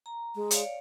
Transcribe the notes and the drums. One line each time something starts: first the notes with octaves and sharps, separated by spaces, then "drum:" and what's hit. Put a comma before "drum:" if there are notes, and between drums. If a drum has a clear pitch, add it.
A#5
G#3
C#5 D5 F5, drum: hi-hat